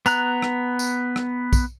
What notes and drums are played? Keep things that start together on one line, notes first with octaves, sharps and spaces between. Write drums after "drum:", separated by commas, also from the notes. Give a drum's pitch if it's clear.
B3 A#5 F#6, drum: tambourine
drum: rim click
drum: tambourine
drum: rim click
drum: kick, tambourine